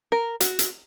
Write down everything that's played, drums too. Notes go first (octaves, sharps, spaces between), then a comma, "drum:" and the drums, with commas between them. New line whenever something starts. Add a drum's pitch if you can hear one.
A#4
F#4, drum: hi-hat
drum: hi-hat